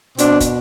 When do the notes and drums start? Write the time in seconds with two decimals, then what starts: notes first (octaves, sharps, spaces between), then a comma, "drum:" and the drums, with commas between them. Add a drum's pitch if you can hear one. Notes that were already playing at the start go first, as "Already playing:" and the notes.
0.18 B2 C4 D4, drum: hi-hat
0.40 drum: kick, hi-hat